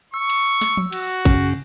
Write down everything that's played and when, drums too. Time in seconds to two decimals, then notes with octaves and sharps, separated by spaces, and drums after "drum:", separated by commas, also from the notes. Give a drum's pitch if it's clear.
0.14 C#6 E6
0.30 drum: cymbal
0.61 drum: snare
0.77 drum: tom F3
0.93 F#4, drum: cymbal
1.25 F#2 C#3 C#4, drum: kick G#1, cymbal